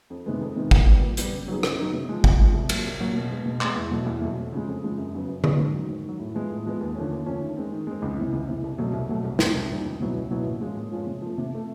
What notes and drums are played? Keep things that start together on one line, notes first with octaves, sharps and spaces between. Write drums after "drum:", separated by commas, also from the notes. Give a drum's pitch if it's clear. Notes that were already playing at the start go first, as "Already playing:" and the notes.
F2
C3 D#3 G#3 B3
F2
C3 D#3 G#3 B3
A#2, drum: kick
G3 B3
A#2
G3 B3, drum: hi-hat
C#3
F#3 B3 D#4 G#4
C#3, drum: rim click
F#3 B3 D#4 G#4
C3
F3 G#3
C3, drum: kick
F3 G#3
C2
A#2 F#3 A#3, drum: cymbal
C2
A#2 F#3 A#3
B2
G#3 B3
B2
G#3 B3, drum: clap
E2
B2 F#3 A3
E2
B2 F#3 A3
F2
C#3 F3 G#3
F2
C#3 F3 G#3
F#2
C#3 F#3 B3
F#2
C#3 F#3 B3, drum: tom D3
G#2
D#3 F#3
G#2
D#3 F#3
A2
F3 G#3 B3
A2
F3 G#3 B3
D#2
D3 F3 A3 C#4
D#2
D3 F3 A3 C#4
D#3
G#3 C4
D#3
G#3 C4
C#2
C3 E3
C#2
C3 E3
C2
B2 F#3 A3
C2
B2 F#3 A3
C2
A#2 G3 C4 D#4, drum: snare
C2
A#2 G3 C4 D#4
C#2
B2 F#3 B3 E4
C#2
B2 F#3 B3 E4
A#2
F3 G#3 C#4 F4
A#2
F3 G#3 C#4 F4
C3
F3 A3
C3
F3 A3